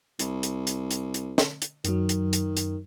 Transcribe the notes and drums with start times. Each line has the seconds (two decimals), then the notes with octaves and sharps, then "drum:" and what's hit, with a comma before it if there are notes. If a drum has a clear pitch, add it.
0.19 C2, drum: hi-hat
0.43 drum: hi-hat
0.67 drum: hi-hat
0.91 drum: hi-hat
1.14 drum: hi-hat
1.38 drum: snare
1.62 drum: hi-hat
1.85 F#2 D#3 F#3, drum: hi-hat
2.09 drum: hi-hat
2.33 drum: hi-hat
2.57 drum: hi-hat